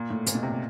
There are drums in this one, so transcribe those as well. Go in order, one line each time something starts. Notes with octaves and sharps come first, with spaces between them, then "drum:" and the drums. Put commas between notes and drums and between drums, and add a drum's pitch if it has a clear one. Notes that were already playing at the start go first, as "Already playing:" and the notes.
Already playing: A#2
A2
A#2, drum: hi-hat
B2
C3
A#2